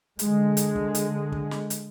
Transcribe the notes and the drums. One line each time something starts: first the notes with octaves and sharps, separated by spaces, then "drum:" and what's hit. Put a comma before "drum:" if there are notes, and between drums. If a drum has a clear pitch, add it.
D3 G#3, drum: hi-hat
drum: hi-hat
drum: kick
drum: hi-hat
drum: kick
drum: snare
drum: hi-hat